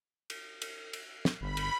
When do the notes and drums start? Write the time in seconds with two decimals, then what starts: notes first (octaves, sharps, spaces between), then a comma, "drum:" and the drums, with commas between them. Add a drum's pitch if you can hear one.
0.30 drum: cymbal
0.62 drum: cymbal
0.93 drum: cymbal
1.25 drum: snare
1.41 G1 B5
1.57 drum: cymbal